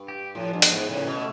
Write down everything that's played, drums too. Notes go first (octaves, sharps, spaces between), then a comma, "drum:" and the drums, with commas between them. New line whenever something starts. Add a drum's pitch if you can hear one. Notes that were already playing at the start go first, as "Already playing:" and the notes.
Already playing: G2
G4
A2 F3
G2
B3, drum: open hi-hat
G#2
A2 C#3
B2
A3